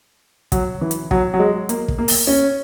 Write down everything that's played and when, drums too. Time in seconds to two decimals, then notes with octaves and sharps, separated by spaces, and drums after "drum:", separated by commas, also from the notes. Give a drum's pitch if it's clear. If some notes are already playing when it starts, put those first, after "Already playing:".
0.52 F#3, drum: kick, hi-hat
0.81 E3
0.91 drum: hi-hat
1.11 F#3, drum: kick
1.34 F#3
1.39 G#3
1.69 A#3, drum: hi-hat
1.88 drum: kick
1.98 A#3
2.08 drum: open hi-hat
2.27 C#4